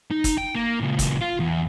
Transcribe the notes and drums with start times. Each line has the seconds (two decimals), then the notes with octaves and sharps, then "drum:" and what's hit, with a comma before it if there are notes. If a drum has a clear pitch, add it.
0.11 D#4
0.24 drum: kick, hi-hat
0.38 G5
0.55 A#3
0.80 C#2 A#2
0.99 drum: kick, hi-hat
1.21 F4
1.40 E2